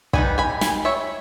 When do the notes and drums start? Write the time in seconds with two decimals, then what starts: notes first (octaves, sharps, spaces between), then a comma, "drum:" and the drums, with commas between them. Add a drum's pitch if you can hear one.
0.13 G3 B3 D#4 G#5 B5, drum: kick
0.38 G#5 B5
0.61 G#5 B5, drum: snare
0.85 C#5 E5